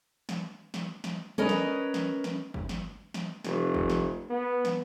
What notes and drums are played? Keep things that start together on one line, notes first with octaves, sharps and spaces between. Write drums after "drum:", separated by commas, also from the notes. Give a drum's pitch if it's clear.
drum: snare
drum: snare
drum: snare
C#4 A#4 B4 D#5
drum: snare
drum: snare
drum: snare
drum: kick G1
drum: snare
drum: snare
F1, drum: snare
drum: kick G1
drum: snare
B3
drum: snare